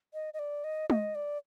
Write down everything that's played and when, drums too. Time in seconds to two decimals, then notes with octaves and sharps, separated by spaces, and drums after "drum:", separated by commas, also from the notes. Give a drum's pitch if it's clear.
0.14 D#5
0.34 D#5
0.39 D5
0.64 D#5
0.90 D#5, drum: tom G#3
1.15 D5